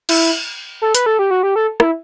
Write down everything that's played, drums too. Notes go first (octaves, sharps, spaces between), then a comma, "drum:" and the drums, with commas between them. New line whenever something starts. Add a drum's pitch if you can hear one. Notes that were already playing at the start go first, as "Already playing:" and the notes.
E4, drum: cymbal
A4
B4, drum: hi-hat
A4
G4
F#4
G4
A4
E4, drum: rim click